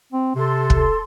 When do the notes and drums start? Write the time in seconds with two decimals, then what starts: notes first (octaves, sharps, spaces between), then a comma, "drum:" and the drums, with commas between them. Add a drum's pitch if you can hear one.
0.13 C4
0.35 C3 A4 C6
0.70 drum: kick